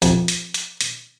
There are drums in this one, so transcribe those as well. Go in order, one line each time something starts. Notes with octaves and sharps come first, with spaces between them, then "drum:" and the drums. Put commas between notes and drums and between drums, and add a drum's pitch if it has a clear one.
F2, drum: hi-hat
drum: hi-hat
drum: hi-hat
drum: hi-hat